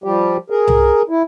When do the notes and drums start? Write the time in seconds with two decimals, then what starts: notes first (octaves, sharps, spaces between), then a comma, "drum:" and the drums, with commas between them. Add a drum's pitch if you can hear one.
0.04 F3 G3 G4
0.50 G#4 A#4
0.68 drum: tom C2
1.09 E4